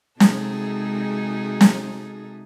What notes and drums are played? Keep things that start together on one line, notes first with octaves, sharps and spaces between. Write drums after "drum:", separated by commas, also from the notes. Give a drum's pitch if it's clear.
C3 G#3 D#4 F#4 G#4 A4, drum: snare
drum: snare